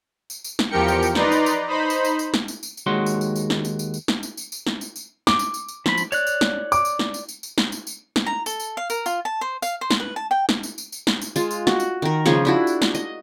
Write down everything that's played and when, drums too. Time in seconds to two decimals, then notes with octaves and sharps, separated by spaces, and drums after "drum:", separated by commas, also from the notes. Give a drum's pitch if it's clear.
0.30 drum: tambourine
0.44 drum: tambourine
0.59 drum: snare
0.70 E2 F3 G4 A#4 G5 C#7
0.88 drum: tambourine
1.03 drum: tambourine
1.15 D#4 B4 D5 A#5 C6, drum: snare
1.32 drum: tambourine
1.46 drum: tambourine
1.68 D#4 C5 B5
1.90 drum: tambourine
2.05 drum: tambourine
2.19 drum: tambourine
2.34 drum: snare
2.48 drum: tambourine
2.63 drum: tambourine
2.77 drum: tambourine
2.86 D#2 G#3 F#4 C#5 C6
3.06 drum: tambourine
3.21 drum: tambourine
3.36 drum: tambourine
3.50 drum: snare
3.65 drum: tambourine
3.79 drum: tambourine
3.94 drum: tambourine
4.08 drum: snare
4.23 drum: tambourine
4.37 drum: tambourine
4.52 drum: tambourine
4.67 drum: snare
4.81 drum: tambourine
4.96 drum: tambourine
5.27 D6, drum: snare
5.39 drum: tambourine
5.54 drum: tambourine
5.68 drum: tambourine
5.86 F3 B5, drum: snare
5.98 drum: tambourine
6.12 C#5 D5 F#6, drum: tambourine
6.27 drum: tambourine
6.41 drum: snare
6.72 D6, drum: tambourine
6.85 drum: tambourine
6.99 drum: snare
7.14 drum: tambourine
7.29 drum: tambourine
7.43 drum: tambourine
7.58 drum: snare
7.72 drum: tambourine
7.87 drum: tambourine
8.16 drum: snare
8.26 A#5
8.46 A4, drum: tambourine
8.60 drum: tambourine
8.77 F5
8.90 A#4, drum: tambourine
9.06 F4, drum: tambourine
9.25 A5
9.41 C5
9.62 F5, drum: tambourine
9.81 C5
9.91 drum: snare
10.00 B4
10.16 A5
10.31 G5
10.49 drum: snare
10.63 drum: tambourine
10.78 drum: tambourine
10.92 drum: tambourine
11.07 drum: snare
11.22 drum: tambourine
11.36 G#3 F4, drum: tambourine
11.51 drum: tambourine
11.67 F#4, drum: snare
11.80 drum: tambourine
12.02 D#3 A#4
12.26 C#3 F3 G#4 C#6, drum: snare
12.45 D4 E4 F#4
12.67 drum: tambourine
12.82 drum: snare
12.95 D#5, drum: tambourine